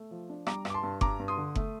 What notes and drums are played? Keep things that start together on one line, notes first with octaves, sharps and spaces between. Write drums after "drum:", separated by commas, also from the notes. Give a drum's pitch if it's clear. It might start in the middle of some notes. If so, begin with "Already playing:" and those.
Already playing: A3
F3
D4
G3 A#5 D6, drum: rim click
G2, drum: rim click
D6
A5 C6
G2
G2 A#5 D6, drum: kick F#1
G2
C6 D#6
D3
A3, drum: kick F#1